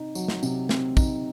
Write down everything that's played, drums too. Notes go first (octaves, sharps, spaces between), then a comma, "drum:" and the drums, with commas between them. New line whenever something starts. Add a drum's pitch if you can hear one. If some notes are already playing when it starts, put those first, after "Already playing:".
Already playing: C3 C4 D#4
F#3, drum: tambourine
drum: snare
C3, drum: tambourine
C4, drum: snare
D#4, drum: kick, tambourine